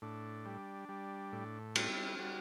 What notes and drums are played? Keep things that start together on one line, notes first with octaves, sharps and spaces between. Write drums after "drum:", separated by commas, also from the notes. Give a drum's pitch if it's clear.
A2 D4
G3
G3
A2
G3 E4, drum: cymbal
G3 F#4